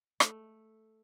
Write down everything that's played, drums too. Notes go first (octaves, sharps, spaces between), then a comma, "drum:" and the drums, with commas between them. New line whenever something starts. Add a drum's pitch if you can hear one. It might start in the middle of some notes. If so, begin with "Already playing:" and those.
A3, drum: rim click